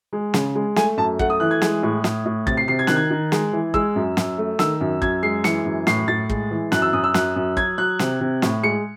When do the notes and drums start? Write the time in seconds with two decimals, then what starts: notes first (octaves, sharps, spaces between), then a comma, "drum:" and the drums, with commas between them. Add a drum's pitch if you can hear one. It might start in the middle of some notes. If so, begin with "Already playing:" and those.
0.13 G#3
0.34 C#3, drum: snare
0.55 G#3
0.76 A3 G#5, drum: snare
0.97 F#2 A5
1.19 A3 F#5, drum: kick
1.30 D#6
1.40 E3 F#6
1.51 G#6
1.62 G#3, drum: snare
1.83 A2
2.04 A2, drum: snare
2.25 A2
2.47 C3 A6, drum: kick
2.57 C7
2.68 C3 C7
2.79 G#6
2.87 D#3 F#6, drum: snare
2.96 G#6
3.11 D#3
3.32 G#3, drum: snare
3.53 E3
3.74 G#3 E6, drum: kick
3.96 F#2
4.17 F#2, drum: snare
4.38 A3
4.59 D#3 E6, drum: snare
4.81 F#2
5.02 F#2 G#6, drum: kick
5.23 G#3 C7
5.44 E3 C#7, drum: snare
5.65 F#2
5.87 A2 C7, drum: snare
6.08 A2 A6
6.30 G#3, drum: kick
6.51 E3
6.72 F#2 F#6, drum: snare
6.82 E6
6.93 F#2 D#6
7.04 E6
7.14 F#2 F#6, drum: snare
7.36 F#2
7.57 F#3 G#6, drum: kick
7.78 F#3 F#6
7.99 C3, drum: snare
8.21 C3
8.42 A2, drum: snare
8.63 G#3 C#7